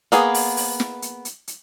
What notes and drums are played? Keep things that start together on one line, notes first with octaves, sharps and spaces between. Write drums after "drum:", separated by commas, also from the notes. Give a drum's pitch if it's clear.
A#3 B3 G#4, drum: hi-hat
drum: open hi-hat
drum: open hi-hat
drum: snare
drum: hi-hat
drum: hi-hat
drum: hi-hat